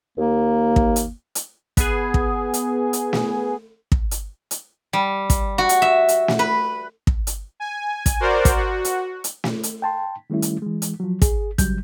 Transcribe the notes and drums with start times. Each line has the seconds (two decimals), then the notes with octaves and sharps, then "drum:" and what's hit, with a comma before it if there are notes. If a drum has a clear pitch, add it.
0.18 D#2 A#3
0.76 drum: kick
0.96 drum: hi-hat
1.35 drum: hi-hat
1.77 B3 G#4, drum: kick, hi-hat
2.14 drum: kick
2.54 drum: hi-hat
2.93 drum: hi-hat
3.13 drum: snare
3.92 drum: kick
4.11 drum: hi-hat
4.51 drum: hi-hat
4.93 G3
5.30 drum: kick, hi-hat
5.58 F#4
5.69 drum: hi-hat
5.82 E5
6.09 drum: hi-hat
6.28 drum: snare
6.39 B4
7.07 drum: kick
7.27 drum: hi-hat
7.60 G#5
8.06 drum: kick, hi-hat
8.20 F#4 A#4 C5 D5
8.45 drum: kick, hi-hat
8.56 F#4
8.85 drum: hi-hat
9.24 drum: hi-hat
9.44 drum: snare
9.63 drum: hi-hat
9.82 G5 A5 C6
10.30 D#3 G3 A3 C#4 E4
10.42 drum: hi-hat
10.62 E3 G#3
10.82 drum: hi-hat
11.00 F3 F#3
11.22 G#4, drum: kick, hi-hat
11.58 C#3 F#3 G3 G6, drum: kick, hi-hat